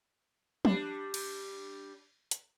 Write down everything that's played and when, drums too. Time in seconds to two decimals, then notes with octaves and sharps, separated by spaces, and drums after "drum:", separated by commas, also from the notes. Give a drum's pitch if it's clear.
0.65 G3 D4, drum: tom
1.14 drum: cymbal
2.31 drum: hi-hat